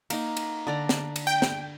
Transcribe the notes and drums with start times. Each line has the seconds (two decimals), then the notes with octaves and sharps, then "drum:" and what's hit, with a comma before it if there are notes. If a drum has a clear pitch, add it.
0.10 A#3 D#4, drum: cymbal
0.37 drum: cymbal
0.67 D3 D5 A#5
0.89 drum: snare
1.16 drum: cymbal
1.27 G5
1.42 drum: snare